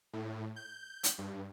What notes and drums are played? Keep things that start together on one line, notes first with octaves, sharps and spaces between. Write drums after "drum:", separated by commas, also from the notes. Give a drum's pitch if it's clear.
A2
G6
drum: hi-hat
G2